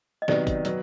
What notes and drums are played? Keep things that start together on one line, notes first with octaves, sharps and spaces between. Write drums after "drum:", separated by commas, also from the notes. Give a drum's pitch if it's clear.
D#5
C3 D#3 F#3 B3 D5, drum: snare
drum: kick, hi-hat
F#3 B3, drum: hi-hat